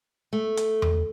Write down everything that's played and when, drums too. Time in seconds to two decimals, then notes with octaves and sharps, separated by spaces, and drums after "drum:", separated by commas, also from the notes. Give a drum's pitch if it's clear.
0.33 A3
0.57 drum: hi-hat
0.82 drum: tom E2